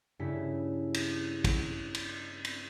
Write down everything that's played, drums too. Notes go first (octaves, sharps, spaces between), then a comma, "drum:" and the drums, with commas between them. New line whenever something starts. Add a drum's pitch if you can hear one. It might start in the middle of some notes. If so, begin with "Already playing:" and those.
G2 C#3 A3 E4 B6
drum: cymbal
drum: kick, cymbal
drum: cymbal
drum: cymbal